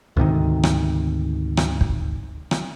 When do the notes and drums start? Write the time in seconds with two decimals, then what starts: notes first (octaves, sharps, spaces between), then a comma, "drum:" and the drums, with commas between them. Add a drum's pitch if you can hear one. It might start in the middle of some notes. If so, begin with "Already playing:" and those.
0.17 D2 G#2 C3 D#3
0.63 drum: rim click
1.57 drum: rim click
1.81 drum: kick
2.51 drum: rim click